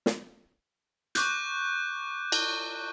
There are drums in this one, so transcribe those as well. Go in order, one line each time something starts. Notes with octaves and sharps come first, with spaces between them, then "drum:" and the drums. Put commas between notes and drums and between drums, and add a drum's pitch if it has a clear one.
drum: snare
C#6 D6 F#6 G6, drum: hi-hat
drum: cymbal